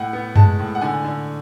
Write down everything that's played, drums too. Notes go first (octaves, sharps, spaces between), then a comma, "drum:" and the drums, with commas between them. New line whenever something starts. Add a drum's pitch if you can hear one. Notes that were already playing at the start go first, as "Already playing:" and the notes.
Already playing: A2 F#5
B3
G#3 A5, drum: tom F#2
A2
F#5
D3 G#5
D3